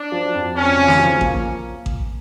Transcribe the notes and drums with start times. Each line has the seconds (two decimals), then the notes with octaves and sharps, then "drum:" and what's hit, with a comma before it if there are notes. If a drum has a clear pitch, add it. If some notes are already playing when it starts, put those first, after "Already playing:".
Already playing: D4
0.12 F3
0.34 F2
0.55 F2 C#4
0.77 C#3
0.88 drum: snare
0.99 F3
1.21 A#3, drum: kick A1
1.86 drum: kick A1